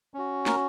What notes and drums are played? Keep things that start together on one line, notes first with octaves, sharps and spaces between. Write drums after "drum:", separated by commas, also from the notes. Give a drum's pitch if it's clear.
C#4 F#4
A#4, drum: snare